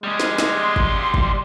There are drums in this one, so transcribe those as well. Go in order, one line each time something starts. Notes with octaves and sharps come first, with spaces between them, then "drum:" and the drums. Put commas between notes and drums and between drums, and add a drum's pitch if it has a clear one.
G3 G#3 G#4
drum: snare
drum: snare
C6
drum: kick
drum: kick